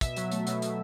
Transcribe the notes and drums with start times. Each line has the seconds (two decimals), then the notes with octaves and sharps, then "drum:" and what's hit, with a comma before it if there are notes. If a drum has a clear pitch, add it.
0.01 B2 E5, drum: kick, hi-hat
0.16 F#3, drum: hi-hat
0.32 A3, drum: hi-hat
0.47 B2, drum: hi-hat
0.62 B2, drum: hi-hat